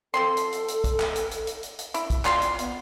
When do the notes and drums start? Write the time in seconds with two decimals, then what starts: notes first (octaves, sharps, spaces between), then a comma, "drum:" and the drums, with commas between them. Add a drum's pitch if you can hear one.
0.14 F3 C4 A4 C6
0.37 drum: hi-hat
0.53 drum: hi-hat
0.68 drum: hi-hat
0.84 drum: kick, hi-hat
1.00 drum: clap
1.16 drum: hi-hat
1.31 drum: hi-hat
1.47 drum: hi-hat
1.63 drum: hi-hat
1.79 drum: hi-hat
1.94 E4, drum: hi-hat
2.10 drum: kick, hi-hat
2.25 F4 D5 F5 C6, drum: clap
2.42 drum: hi-hat
2.59 B3, drum: hi-hat